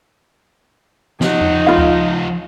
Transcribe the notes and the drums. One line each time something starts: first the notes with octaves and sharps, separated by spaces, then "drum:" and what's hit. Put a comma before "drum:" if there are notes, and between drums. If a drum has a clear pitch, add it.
F3 D#4 F#5, drum: snare
drum: tom E2
F4 F5
drum: kick D2